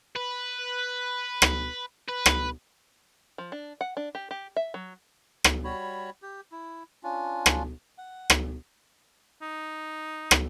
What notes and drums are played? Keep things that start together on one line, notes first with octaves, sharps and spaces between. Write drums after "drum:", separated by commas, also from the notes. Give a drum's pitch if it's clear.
B4
drum: rim click
B4
drum: rim click
F3
D4
F#5
D4
G4
G4
E5
F#3
drum: rim click
G3 F#4 C#5 B5
G4
E4
C#4 D4 F4
drum: rim click
F#5
drum: rim click
D#4
drum: rim click